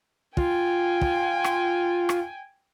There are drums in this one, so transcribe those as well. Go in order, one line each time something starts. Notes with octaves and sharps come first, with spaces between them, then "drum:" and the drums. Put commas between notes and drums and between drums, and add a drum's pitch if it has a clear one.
F4 G5 G#5, drum: kick
drum: kick
drum: rim click
drum: rim click